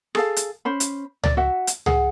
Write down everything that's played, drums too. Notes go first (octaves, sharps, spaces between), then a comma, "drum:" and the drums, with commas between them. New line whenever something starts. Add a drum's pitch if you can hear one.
G#4 A4 F5, drum: rim click
drum: hi-hat
C#4 C5 B5
drum: hi-hat
D5, drum: tom C#2
F#4 E5 F#5
drum: hi-hat
G#4 F#5, drum: tom C#2